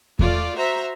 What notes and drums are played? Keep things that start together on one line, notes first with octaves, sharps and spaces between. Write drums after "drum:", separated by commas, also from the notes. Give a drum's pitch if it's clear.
A3 F4 D5, drum: kick E2
F#4 C5 E5 A#5